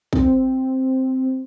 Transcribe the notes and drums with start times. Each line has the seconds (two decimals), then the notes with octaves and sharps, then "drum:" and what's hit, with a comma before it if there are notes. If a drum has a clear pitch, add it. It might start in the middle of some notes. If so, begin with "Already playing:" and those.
0.13 C4, drum: kick